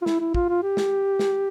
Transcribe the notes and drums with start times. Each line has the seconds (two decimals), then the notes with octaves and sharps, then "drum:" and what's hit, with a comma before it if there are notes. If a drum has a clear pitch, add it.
0.02 F4
0.06 E4, drum: snare
0.20 E4
0.34 F4, drum: kick
0.49 F4
0.63 G4
0.77 drum: snare
1.19 drum: snare